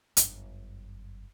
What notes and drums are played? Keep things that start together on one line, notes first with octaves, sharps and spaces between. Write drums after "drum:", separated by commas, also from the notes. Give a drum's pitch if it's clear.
G1 F#2, drum: hi-hat